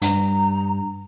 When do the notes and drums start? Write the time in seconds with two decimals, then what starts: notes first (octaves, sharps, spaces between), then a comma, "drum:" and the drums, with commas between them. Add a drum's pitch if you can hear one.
0.02 G2 A#5, drum: hi-hat